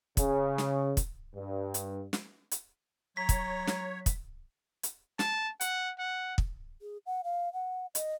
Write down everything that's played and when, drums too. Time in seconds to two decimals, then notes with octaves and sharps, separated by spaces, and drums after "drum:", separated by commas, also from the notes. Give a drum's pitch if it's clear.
0.17 C#3, drum: kick, hi-hat
0.58 drum: snare
0.97 drum: kick, hi-hat
1.36 G2
1.74 drum: hi-hat
2.13 drum: snare
2.51 drum: hi-hat
3.17 F#3 C#5 A#5 B6
3.29 drum: kick, hi-hat
3.67 drum: snare
4.06 drum: kick, hi-hat
4.83 drum: hi-hat
5.19 A5, drum: snare
5.61 F#5, drum: hi-hat
5.99 F#5
6.38 drum: kick
6.82 G#4
7.06 F#5
7.24 F5
7.53 F#5
7.95 D#5, drum: hi-hat